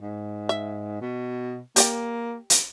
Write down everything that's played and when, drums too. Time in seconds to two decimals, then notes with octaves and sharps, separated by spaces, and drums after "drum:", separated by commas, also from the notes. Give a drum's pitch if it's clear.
0.01 G#2
0.49 E5
1.01 B2
1.76 A#3 G4 D5 G5, drum: hi-hat
2.50 drum: hi-hat